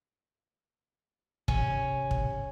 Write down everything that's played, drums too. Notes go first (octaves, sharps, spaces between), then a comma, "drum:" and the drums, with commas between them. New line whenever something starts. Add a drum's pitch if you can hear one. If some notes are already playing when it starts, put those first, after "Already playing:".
C3 C#4, drum: kick
drum: kick